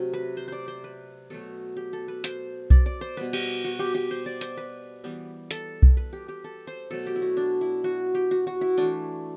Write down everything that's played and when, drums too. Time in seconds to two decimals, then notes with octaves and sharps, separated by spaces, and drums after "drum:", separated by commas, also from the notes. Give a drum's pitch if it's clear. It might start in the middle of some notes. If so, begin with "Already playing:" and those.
Already playing: C3 F#3 A3 F#4
0.13 B4
0.37 C5
0.48 C5 D5
0.68 C5
0.84 B4
1.30 B2 F#3 A3 A4
1.77 G4
1.93 A4
2.08 B4
2.24 C5, drum: hi-hat
2.70 D5, drum: kick B1
2.86 D5
3.01 C5
3.17 B2 G3 B3 B4
3.33 G4, drum: cymbal
3.64 F#4
3.79 G4
3.95 G4
4.11 C5
4.26 D5
4.41 C5, drum: hi-hat
4.57 B4
5.04 E3 G3 B3
5.51 A4, drum: hi-hat
5.82 drum: kick B1
5.97 B4
6.13 G4
6.28 G4
6.44 A4
6.67 C5
6.91 B2 F#3 A3 A4
7.07 G4
7.16 E4
7.22 F#4
7.37 D4
7.61 E4
7.84 F#4
8.15 G4
8.31 F#4
8.47 F#4
8.61 E4
8.77 E3 A3 D4